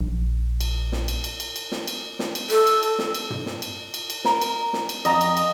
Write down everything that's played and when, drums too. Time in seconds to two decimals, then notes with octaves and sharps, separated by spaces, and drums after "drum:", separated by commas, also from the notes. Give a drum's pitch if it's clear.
0.01 A#1
0.60 drum: cymbal
0.92 drum: snare
1.08 drum: cymbal
1.24 drum: cymbal
1.40 drum: cymbal
1.56 drum: cymbal
1.72 drum: snare
1.87 drum: cymbal
2.19 drum: snare
2.35 drum: cymbal
2.50 A4, drum: cymbal
2.67 drum: cymbal
2.83 drum: cymbal
2.99 drum: snare
3.14 drum: cymbal
3.30 drum: tom
3.46 drum: snare
3.62 drum: cymbal
3.94 drum: cymbal
4.10 drum: cymbal
4.25 A#4, drum: snare
4.41 drum: cymbal
4.73 drum: snare
4.89 drum: cymbal
5.05 F2 D#5 A#5, drum: cymbal
5.21 drum: cymbal
5.37 drum: cymbal